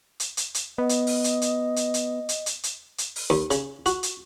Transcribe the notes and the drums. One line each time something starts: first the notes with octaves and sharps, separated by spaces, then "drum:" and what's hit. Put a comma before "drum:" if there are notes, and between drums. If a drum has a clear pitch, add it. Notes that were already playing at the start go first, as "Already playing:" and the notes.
drum: hi-hat
drum: hi-hat
drum: hi-hat
B3 D#5
drum: hi-hat
drum: open hi-hat
drum: hi-hat
drum: hi-hat
drum: hi-hat
drum: hi-hat
drum: hi-hat
drum: hi-hat
drum: hi-hat
drum: hi-hat
drum: open hi-hat
D#2
C#3, drum: hi-hat
F#4, drum: hi-hat
drum: hi-hat